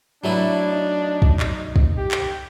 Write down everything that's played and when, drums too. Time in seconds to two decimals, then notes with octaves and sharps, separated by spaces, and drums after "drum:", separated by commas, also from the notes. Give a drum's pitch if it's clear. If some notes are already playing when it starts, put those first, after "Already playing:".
0.24 F#3 A3 D4 E4 B4
0.68 D#4
1.22 drum: kick
1.40 drum: clap
1.76 drum: kick
1.98 G4
2.11 drum: clap